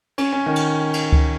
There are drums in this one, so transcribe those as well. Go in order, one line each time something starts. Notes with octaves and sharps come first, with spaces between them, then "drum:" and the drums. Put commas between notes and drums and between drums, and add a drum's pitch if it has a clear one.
C#4, drum: cymbal
C#4
D#3
drum: cymbal
drum: cymbal
drum: kick C#2